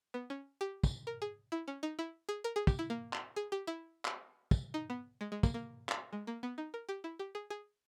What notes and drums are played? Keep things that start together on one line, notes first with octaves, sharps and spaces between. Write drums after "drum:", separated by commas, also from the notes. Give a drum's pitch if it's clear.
B3
C#4
G4
drum: kick, tambourine
A#4
G#4
E4
C#4
D#4
E4
G#4
A#4
G#4
G4, drum: kick, tambourine
E4
A#3
drum: clap
G#4
G4
E4
drum: clap
drum: kick, tambourine
D#4
B3
G#3
G#3
A#3, drum: kick, tambourine
A#3
drum: clap
G#3
A#3
B3
D#4
A#4
G4
E4
G4
G#4
G#4